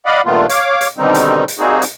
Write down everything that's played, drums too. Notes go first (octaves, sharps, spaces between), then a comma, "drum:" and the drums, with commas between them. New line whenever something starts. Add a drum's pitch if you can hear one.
D5 D#5 F5 F#5 B5
G2 A#2 D#3 A3 B3 F4
C#5 F5 D6, drum: hi-hat
drum: hi-hat
B2 D3 D#3 G3 C4 D#4
drum: hi-hat
drum: hi-hat
G3 A#3 C4 D#4 F#4 G#4
drum: hi-hat